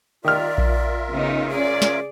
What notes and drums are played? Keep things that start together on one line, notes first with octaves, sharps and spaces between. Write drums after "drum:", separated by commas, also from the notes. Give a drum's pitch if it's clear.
D#3 F4 A#4 D5 E5 F6
drum: kick A#1
C#3 B3 D#4
C#4 G#4 D5
drum: snare